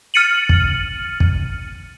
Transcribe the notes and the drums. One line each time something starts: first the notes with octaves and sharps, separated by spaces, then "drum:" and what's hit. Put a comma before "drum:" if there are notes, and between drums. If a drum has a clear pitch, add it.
F6 A6 C#7 D#7 F#7
drum: kick
drum: kick